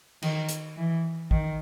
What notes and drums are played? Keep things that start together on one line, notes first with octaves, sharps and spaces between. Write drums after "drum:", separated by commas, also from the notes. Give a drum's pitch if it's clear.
D#3, drum: cymbal
drum: hi-hat
E3
D#3, drum: kick A1